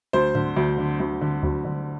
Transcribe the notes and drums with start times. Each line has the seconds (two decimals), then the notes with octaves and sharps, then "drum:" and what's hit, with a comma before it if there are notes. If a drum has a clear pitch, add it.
0.13 D2 C5
0.35 D3, drum: tom G#2
0.56 D2
0.78 D3
1.00 D2
1.21 D3
1.43 D2, drum: kick D2
1.65 D3